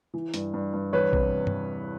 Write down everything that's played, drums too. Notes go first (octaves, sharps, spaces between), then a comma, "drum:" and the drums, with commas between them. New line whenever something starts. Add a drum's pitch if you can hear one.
E3
G2, drum: hi-hat
G2
G2
E2 B4 C#5
C3, drum: kick A#1
drum: tom